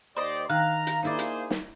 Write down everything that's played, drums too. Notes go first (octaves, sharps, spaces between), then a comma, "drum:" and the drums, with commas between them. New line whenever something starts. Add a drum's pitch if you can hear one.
D#2 G4 C5 D5 D#5 C6
D#3 F5 A#5 F#6
drum: hi-hat
A#3 D#4 E4 G#4 C5 D5
drum: hi-hat
drum: snare